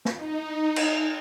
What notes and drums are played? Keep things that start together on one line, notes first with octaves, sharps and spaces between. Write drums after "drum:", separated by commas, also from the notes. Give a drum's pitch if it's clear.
drum: snare
D#4
drum: cymbal